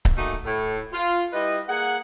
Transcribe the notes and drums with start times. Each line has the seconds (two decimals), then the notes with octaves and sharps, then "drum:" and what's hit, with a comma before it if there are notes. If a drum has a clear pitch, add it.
0.05 drum: kick C#1
0.16 A3 A#3 D#4 F#4 G#4 E5
0.45 A2 A4
0.93 F4
1.33 G3 E4 B4 D#5
1.69 A#3 G#4 F#5